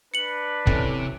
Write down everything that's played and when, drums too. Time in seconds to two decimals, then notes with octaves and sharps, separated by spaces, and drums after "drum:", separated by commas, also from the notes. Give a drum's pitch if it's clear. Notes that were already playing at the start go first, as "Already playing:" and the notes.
0.14 D4 B4 C#7 F#7
0.67 C3 E3 C#4 A4, drum: kick